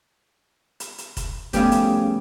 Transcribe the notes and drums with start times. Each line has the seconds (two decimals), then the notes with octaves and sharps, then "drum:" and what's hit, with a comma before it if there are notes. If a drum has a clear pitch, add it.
0.80 drum: hi-hat
0.98 drum: hi-hat
1.17 drum: kick F1, hi-hat
1.53 C#3 F3 G3 A3 B3 G4, drum: kick F1, hi-hat
1.72 drum: hi-hat